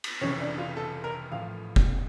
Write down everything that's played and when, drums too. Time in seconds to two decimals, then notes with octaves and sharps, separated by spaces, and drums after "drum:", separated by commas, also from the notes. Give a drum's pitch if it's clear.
0.04 drum: cymbal
0.21 F1 F2 C#3 E3 C#4
0.41 D4
0.58 F4
0.77 A4
1.04 A#4
1.32 A1 A2 F3 F5
1.76 drum: kick F#1